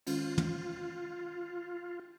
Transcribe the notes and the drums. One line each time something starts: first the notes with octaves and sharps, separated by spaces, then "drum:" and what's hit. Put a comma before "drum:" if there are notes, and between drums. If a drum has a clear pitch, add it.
D#3 G#3 C#4 F4, drum: cymbal
drum: tom